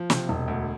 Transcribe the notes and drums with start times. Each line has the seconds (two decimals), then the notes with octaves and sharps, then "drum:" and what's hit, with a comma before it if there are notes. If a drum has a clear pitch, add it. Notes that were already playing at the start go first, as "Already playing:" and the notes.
Already playing: F3
0.10 C3, drum: snare
0.29 E1
0.48 D2